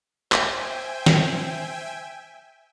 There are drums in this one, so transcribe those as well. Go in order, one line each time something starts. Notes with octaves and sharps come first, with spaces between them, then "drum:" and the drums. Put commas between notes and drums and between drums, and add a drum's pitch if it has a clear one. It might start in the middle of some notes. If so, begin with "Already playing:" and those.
C5 E5 G5 G#5, drum: clap
drum: snare